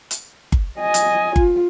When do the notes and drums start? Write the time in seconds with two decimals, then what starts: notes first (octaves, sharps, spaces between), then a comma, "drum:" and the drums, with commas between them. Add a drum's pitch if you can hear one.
0.11 drum: hi-hat
0.52 drum: kick G1
0.79 D#5 G#5
0.94 drum: hi-hat
1.36 F4, drum: kick G1